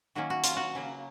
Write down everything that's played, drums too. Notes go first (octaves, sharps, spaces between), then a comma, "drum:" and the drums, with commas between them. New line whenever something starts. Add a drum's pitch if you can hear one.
D#3 F#3 A#3 C#4 F#4
F#4
F4, drum: hi-hat
F#4
C#3 F#3 A#3